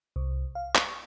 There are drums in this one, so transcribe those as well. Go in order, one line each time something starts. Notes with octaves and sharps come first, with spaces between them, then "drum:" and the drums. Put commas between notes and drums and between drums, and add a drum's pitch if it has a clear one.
C2
F5
C#6, drum: clap